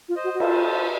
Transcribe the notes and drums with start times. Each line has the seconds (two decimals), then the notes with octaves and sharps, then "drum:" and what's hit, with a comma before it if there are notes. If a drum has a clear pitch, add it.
0.09 F4
0.16 C5 D#5
0.24 F#4
0.34 F#4
0.40 F4 A4 C5, drum: cymbal
0.64 A4 C5